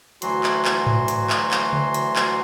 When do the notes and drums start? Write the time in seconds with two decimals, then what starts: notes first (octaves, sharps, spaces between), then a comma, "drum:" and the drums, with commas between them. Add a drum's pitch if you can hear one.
0.22 D2 E3 F#3 F#4 C6, drum: hi-hat
0.43 drum: clap
0.65 drum: clap
0.87 drum: tom G#2
1.08 drum: hi-hat
1.30 drum: clap
1.51 drum: clap
1.73 drum: tom C#3
1.94 drum: hi-hat
2.16 drum: clap